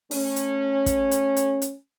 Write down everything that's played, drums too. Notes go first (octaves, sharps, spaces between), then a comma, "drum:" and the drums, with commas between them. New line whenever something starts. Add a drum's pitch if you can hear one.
A3 C#4, drum: open hi-hat
drum: hi-hat
drum: kick, hi-hat
drum: hi-hat
drum: hi-hat
drum: hi-hat